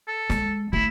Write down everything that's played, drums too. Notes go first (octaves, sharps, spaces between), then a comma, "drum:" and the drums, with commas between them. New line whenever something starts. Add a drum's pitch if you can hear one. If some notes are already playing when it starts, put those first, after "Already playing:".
A4
G#3, drum: snare
A3 E4, drum: kick